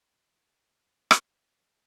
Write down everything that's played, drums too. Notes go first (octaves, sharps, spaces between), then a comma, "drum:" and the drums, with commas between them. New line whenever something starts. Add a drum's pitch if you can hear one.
A#2 A3 F4 D6
F#4 G#5 A#5 G6
drum: rim click
F#2 F#3 C4 E4